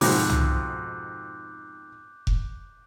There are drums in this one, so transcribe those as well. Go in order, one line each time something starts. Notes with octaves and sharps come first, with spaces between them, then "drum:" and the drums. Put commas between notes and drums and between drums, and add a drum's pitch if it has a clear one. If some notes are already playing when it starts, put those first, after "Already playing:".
F2 G#2 B2 D6 F#6 G6, drum: open hi-hat
drum: tom
drum: kick F1